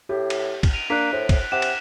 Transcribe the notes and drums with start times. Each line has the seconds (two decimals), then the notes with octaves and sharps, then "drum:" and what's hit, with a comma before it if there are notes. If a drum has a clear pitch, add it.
0.09 A2 G4
0.30 drum: cymbal
0.63 drum: kick, cymbal
0.74 D7 D#7 F7
0.90 A#3 D4 F#6 B6
1.13 A2 C5
1.29 drum: kick, cymbal
1.52 C3 F#5 D6 E7
1.62 drum: cymbal